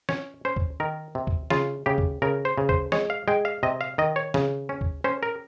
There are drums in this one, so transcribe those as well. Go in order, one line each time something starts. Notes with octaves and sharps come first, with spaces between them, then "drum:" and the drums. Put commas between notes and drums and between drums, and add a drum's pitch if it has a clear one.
C#4 C#5, drum: snare
C#4 C5
drum: kick
D#3 A#4
C3
drum: kick
C#3 F4, drum: snare
C#3 G4
drum: kick
C#3 A#4
C5
C#3
C5, drum: kick
G#3 C#5, drum: snare
F5
G#3 G5
F5
C3 D#5
F5
D#3 D#5
C#5
C#3, drum: snare
C#4
drum: kick
C#4 C5
A#4